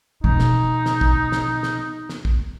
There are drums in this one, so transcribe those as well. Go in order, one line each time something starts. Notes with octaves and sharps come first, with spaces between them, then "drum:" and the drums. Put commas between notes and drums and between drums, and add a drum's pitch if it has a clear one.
B2 D#4
drum: snare
drum: snare
drum: kick
drum: snare
drum: snare
drum: snare
drum: kick